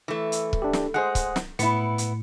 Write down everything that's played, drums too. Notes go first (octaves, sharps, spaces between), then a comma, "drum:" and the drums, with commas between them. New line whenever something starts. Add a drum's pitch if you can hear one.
E3 A3
drum: hi-hat
drum: kick
D4 G4
drum: snare
G#3 G#4 C5 F#5
drum: kick, hi-hat
drum: snare
A2 B3 E4 C#7, drum: hi-hat
drum: hi-hat